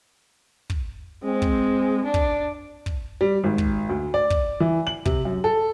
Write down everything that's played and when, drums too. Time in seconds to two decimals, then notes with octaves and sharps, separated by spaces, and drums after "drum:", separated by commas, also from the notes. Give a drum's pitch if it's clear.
0.70 drum: kick
1.24 G#3 C4
1.42 drum: kick
2.05 D4
2.14 drum: kick
2.86 drum: kick
3.21 G3
3.44 G#1
3.58 drum: kick
3.89 D2
4.14 D5
4.30 drum: kick
4.60 E3
4.87 F#7
5.05 C3, drum: kick
5.25 F#2
5.44 A4